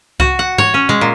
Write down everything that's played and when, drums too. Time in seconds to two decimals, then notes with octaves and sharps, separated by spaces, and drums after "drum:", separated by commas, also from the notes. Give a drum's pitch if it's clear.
0.20 F#4, drum: kick C2
0.39 F#5
0.58 C#5, drum: tom G#2
0.74 C#4
0.89 G#3, drum: tom
1.01 A#2